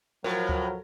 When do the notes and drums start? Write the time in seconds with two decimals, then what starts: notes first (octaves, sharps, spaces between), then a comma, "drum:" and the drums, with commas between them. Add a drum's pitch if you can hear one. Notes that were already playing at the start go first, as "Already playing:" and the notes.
0.24 A2 F3 F#3 A#4
0.49 drum: kick D2